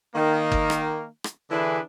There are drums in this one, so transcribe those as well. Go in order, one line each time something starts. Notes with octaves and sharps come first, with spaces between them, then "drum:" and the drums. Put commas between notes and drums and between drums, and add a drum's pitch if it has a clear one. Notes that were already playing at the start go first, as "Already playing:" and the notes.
D#3 A#3
drum: kick
drum: rim click
drum: rim click
D3 E3 D4 E4 G#4 B4